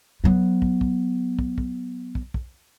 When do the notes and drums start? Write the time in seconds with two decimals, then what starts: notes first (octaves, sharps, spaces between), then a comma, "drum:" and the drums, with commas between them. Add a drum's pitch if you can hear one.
0.24 F#3 B3
0.62 drum: kick
0.81 drum: kick
1.39 drum: kick
1.58 drum: kick
2.15 drum: kick
2.34 drum: kick